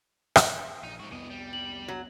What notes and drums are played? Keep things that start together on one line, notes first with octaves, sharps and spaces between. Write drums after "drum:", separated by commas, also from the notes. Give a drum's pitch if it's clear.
drum: rim click
A#1 D#4
G#2 F3 F#4
C2 F2 E3 B3 D#5
G3
F#7
F#3